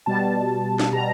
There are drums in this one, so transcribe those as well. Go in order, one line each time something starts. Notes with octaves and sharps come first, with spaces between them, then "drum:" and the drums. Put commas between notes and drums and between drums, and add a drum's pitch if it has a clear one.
B2 G3 A5
drum: snare
B2 G3 A#5